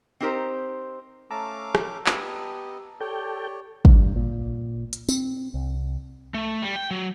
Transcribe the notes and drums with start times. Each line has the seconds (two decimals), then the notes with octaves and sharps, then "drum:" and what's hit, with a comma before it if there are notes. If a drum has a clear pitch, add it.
0.20 C4 D#4 G4 A#4 C5
1.31 A3 C#4 F5 A5 A#5 D6 E6
1.75 drum: rim click
2.06 B3 G4 D#5, drum: clap
3.01 G4 A4 C#5 D5 G5
3.85 G2, drum: kick
4.16 A#2
4.93 drum: hi-hat
5.08 C4, drum: tambourine
5.54 C2
6.34 A3
6.62 G3
6.76 G5
6.91 F#3